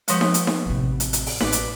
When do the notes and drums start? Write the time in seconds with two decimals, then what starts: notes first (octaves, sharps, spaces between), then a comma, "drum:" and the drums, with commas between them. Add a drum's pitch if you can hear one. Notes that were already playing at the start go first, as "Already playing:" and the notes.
0.08 F3 G#3 A3 B3 G4, drum: hi-hat
0.21 drum: snare D#4
0.34 drum: hi-hat
0.47 drum: snare D#4
0.66 A1 C3
1.00 drum: hi-hat
1.13 drum: hi-hat
1.26 drum: open hi-hat
1.40 A1 B4 D5, drum: snare D#4
1.52 drum: hi-hat